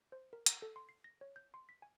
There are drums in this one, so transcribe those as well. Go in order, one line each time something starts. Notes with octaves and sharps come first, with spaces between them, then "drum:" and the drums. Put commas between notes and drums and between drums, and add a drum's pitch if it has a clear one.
C5
A#4
A#5, drum: hi-hat
A4
C6
C7
A#6
C#5
G6
C6
B6
G#5